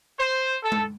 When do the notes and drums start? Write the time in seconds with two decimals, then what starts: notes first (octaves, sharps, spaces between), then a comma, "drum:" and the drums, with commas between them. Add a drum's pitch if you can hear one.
0.18 C5
0.62 A4
0.72 drum: tom G#3